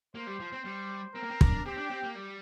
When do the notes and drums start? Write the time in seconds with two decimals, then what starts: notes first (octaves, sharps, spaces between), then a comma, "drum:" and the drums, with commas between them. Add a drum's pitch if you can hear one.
0.15 A#3 C5
0.27 G3
0.40 F3
0.52 C4
0.65 G3
1.15 C4 A#4
1.23 A#3
1.31 C4
1.41 D4, drum: kick
1.65 C4 G4
1.77 D4
1.90 C4
2.03 A#3
2.15 G3